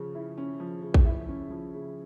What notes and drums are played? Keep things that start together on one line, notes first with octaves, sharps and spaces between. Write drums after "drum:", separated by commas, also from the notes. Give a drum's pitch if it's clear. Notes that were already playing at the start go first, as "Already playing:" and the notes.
Already playing: C#3 F3 C#4
E4
C#4
F3
C#3
drum: kick
E4
C#4
F3
C#3